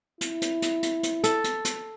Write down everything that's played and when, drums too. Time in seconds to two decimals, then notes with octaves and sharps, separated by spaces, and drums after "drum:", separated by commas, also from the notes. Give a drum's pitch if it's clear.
0.21 E4, drum: hi-hat
0.42 drum: hi-hat
0.62 drum: hi-hat
0.83 drum: hi-hat
1.03 drum: hi-hat
1.24 A4, drum: hi-hat
1.44 drum: hi-hat
1.65 drum: hi-hat